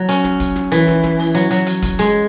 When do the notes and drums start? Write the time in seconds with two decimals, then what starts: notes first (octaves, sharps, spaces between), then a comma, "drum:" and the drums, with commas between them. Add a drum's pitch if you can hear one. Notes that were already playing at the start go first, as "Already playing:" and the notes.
Already playing: F#3
0.09 C#4, drum: hi-hat
0.24 drum: snare
0.40 drum: kick, hi-hat
0.56 drum: snare
0.72 E3, drum: hi-hat
0.87 drum: snare
1.03 drum: snare
1.19 drum: open hi-hat
1.35 F#3, drum: hi-hat
1.51 F#3, drum: hi-hat
1.67 drum: hi-hat
1.82 drum: kick, hi-hat
1.99 G#3, drum: hi-hat